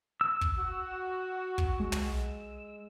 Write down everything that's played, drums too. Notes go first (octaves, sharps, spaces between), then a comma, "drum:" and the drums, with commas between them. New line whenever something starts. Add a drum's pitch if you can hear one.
E6
drum: kick
F#4
drum: kick
G#3
drum: tom